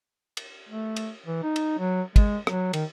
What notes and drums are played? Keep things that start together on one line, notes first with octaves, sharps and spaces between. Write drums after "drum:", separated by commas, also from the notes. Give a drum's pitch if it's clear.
drum: cymbal
A3
drum: cymbal
E3
D#4
drum: cymbal
F#3
G#3, drum: kick, cymbal
F#3, drum: rim click
D#3, drum: cymbal